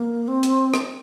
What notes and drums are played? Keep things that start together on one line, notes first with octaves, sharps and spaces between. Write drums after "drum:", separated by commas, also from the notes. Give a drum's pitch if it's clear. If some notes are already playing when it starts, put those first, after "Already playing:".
Already playing: A#3
C4
drum: hi-hat
drum: rim click